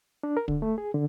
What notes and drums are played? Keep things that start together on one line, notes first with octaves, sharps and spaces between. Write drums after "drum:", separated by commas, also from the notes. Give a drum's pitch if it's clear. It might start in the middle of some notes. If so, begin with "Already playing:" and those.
D4
A#4
D3, drum: kick
A3
G#4
D3